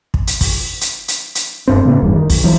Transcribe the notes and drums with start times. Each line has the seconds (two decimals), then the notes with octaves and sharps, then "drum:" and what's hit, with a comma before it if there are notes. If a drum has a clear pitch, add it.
0.14 drum: kick
0.27 drum: hi-hat
0.41 drum: kick, open hi-hat
0.81 drum: hi-hat
1.08 drum: hi-hat
1.35 drum: hi-hat
1.67 F1 G2 C4
1.85 A2 C#3 A#3 B3
2.03 F1 E2 G2
2.16 D#3
2.30 B1, drum: kick, open hi-hat
2.44 E3 F#3